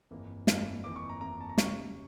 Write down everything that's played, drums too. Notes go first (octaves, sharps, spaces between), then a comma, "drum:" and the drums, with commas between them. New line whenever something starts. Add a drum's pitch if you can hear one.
G1 F2 E3 A#3
G1 F2 E3 A#3, drum: snare
G1 F2 E3 A#3 D6
C#6
A#5
G1 F2 E3 A#3 A#5
A5
A#5
C#2 C#3 G3 A#3 C#4 C#6, drum: snare